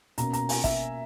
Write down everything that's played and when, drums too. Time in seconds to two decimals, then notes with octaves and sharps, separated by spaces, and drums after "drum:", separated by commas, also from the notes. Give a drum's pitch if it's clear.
0.18 B2 A#3 C#4 A#5, drum: hi-hat
0.33 A#5, drum: hi-hat
0.49 G#5, drum: open hi-hat
0.64 E5, drum: kick, hi-hat